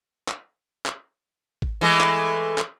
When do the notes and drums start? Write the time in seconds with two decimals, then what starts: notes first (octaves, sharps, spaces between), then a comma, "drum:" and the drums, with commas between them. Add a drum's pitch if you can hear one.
0.28 drum: clap
0.86 drum: clap
1.62 drum: kick
1.81 E3 G#3 A3
2.00 drum: clap
2.58 drum: clap